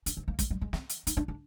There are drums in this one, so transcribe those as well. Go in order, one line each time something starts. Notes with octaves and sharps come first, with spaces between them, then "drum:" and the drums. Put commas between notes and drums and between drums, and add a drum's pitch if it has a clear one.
D4, drum: hi-hat
C4
A#3
G#3, drum: kick, hi-hat
G3
G#3
C4, drum: snare
drum: hi-hat
D#4, drum: hi-hat
D4
D4